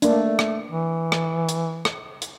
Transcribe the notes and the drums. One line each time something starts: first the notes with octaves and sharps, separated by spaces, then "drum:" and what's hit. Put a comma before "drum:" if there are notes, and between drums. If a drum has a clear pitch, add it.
A3 A#3 D4, drum: hi-hat
drum: rim click
E3
drum: rim click
drum: hi-hat
drum: rim click
drum: hi-hat